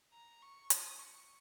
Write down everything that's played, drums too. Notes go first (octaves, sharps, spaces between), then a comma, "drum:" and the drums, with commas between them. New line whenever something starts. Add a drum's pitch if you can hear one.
A#5
C#6
D#6, drum: hi-hat
C#6